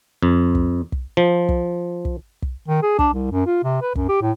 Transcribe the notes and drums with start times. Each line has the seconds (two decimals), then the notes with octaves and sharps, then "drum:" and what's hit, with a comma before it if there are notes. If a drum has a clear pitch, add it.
0.23 F2
0.55 drum: kick
0.92 drum: kick
1.17 F3
1.49 drum: kick
2.05 drum: kick
2.42 drum: kick
2.68 D#3
2.83 G#4
2.99 D4, drum: kick
3.13 C2
3.32 F#2
3.47 F4
3.64 C3
3.82 B4
3.95 F#2, drum: kick
4.09 G4
4.21 A2